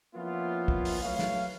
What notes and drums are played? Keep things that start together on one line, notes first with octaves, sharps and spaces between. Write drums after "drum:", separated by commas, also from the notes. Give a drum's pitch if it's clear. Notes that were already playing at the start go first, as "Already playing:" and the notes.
F3 A#3 B3 C#4 E4 F4
drum: kick
drum: open hi-hat
F#3 A3 B4 C#5 F5
drum: snare